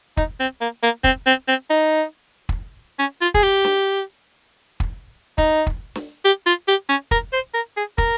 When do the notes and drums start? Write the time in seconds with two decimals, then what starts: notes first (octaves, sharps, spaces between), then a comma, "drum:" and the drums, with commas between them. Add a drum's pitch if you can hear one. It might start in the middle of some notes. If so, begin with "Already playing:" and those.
0.17 D#4, drum: kick
0.40 C4
0.61 A#3
0.83 A#3
1.04 C4, drum: kick
1.26 C4
1.48 C4
1.70 D#4
2.49 drum: kick
2.99 C#4
3.21 F4
3.34 G#4, drum: kick
3.43 G4
3.64 drum: snare
4.80 drum: kick
5.38 D#4, drum: kick
5.67 drum: kick
5.95 drum: snare
6.25 G4
6.46 F4
6.68 G4
6.89 C#4
7.11 A#4, drum: kick
7.33 C5
7.54 A#4
7.77 G#4
7.98 A#4, drum: kick